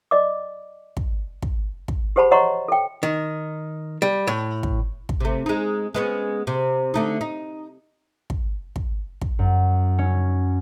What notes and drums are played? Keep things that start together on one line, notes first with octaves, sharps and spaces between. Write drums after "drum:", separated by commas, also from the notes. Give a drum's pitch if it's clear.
D5 D#5 D6
drum: kick
drum: kick
drum: kick
G4 G#4 C5 F#5 A5 B5
C#5 D#5 F#5 A#5 C6 C#6
A4 G5
D#3
G3
A2
drum: kick
drum: kick
C3 A3
G#3 D#4
G#3 B3 C#4
C3
D3 A3 D#4
D#4
drum: kick
drum: kick
drum: kick
F#2
C#4